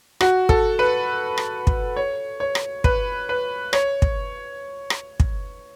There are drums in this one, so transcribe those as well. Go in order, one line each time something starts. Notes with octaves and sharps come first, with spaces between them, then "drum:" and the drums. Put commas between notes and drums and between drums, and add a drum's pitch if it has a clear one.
F#4, drum: rim click
A4, drum: kick
B4
drum: rim click
drum: kick
C#5
C#5
drum: rim click
B4, drum: kick
B4
C#5, drum: rim click
drum: kick
drum: rim click
drum: kick